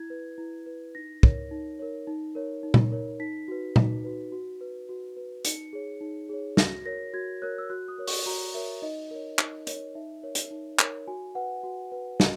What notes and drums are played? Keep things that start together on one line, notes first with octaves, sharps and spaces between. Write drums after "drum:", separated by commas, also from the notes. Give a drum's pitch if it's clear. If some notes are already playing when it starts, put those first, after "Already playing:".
Already playing: E4 G#6
B4
E4
B4
D#4 A#6
A#4 C#5, drum: kick
D#4
A#4 C#5
D#4
A#4 C#5
D#4
drum: tom A#2
A#4 C#5
D#4 B6
F#4 B4
D#4, drum: tom A#2
F#4 B4
F#4
B4
F#4
B4
D#4 C#7, drum: hi-hat
G#4 C#5
D#4
G#4 C#5
F#4 A#6, drum: snare
A#4 C#5 A#6
F#4 G#6
A#4 C#5 F#6
E6
F#4 F#6
D#6
A#4 C#5
C#6, drum: open hi-hat
F#4 A#5
A#4 C#5 E5
D#4 D#5
A#4 C#5
D#4, drum: clap
A#4 C#5, drum: hi-hat
D#4 E5
A#4 C#5
drum: hi-hat
D#4
A#4 C#5, drum: clap
F#4 G#5
B4 F#5
F#4
B4
F#4 D#5, drum: snare